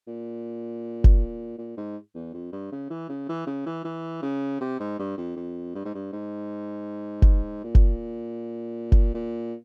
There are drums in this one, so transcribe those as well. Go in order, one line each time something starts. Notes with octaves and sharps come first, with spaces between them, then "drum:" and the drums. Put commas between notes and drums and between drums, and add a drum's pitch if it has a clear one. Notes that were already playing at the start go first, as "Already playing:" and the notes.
A#2
drum: kick F#1
A#2
G#2
E2
F2
G2
C#3
E3
C#3
E3
C#3
E3
E3
C#3
C3
G#2
G2
F2
F2
G2
G#2
G2
G#2
drum: kick F#1
A#2
drum: kick F#1
drum: kick F#1
A#2